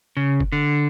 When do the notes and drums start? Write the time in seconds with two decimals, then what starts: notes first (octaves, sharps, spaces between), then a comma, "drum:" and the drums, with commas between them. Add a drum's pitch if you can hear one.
0.17 C#3
0.40 drum: kick F1
0.52 D3